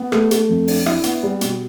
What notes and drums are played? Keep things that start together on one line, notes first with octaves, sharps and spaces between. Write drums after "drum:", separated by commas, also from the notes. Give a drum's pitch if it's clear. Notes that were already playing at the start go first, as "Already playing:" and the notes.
Already playing: B3
A3, drum: rim click
A3, drum: hi-hat
F2
D4, drum: open hi-hat
E4, drum: rim click
B3, drum: hi-hat
G3
B2, drum: hi-hat